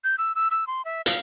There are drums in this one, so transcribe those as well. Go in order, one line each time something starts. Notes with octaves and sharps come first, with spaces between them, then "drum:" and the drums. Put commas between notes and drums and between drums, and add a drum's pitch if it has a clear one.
G6
E6
E6
E6
C6
E5
F5, drum: hi-hat